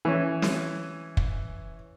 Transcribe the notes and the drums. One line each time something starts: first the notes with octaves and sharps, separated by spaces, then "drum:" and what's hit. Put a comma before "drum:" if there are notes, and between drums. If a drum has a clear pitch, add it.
E3 C#4
drum: snare
drum: kick